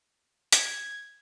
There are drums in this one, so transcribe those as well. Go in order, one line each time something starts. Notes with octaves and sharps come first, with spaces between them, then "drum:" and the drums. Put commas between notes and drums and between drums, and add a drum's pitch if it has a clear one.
G#6, drum: hi-hat